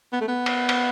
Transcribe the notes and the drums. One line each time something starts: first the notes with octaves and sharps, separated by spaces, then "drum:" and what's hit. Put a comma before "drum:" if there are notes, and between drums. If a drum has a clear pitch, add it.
B3
A3
B3
drum: cymbal
drum: cymbal